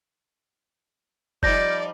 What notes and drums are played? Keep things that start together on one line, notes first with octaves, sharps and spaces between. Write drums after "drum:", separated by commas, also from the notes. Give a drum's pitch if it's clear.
F3 G3 D#4 D5 G6 A#6, drum: kick F#1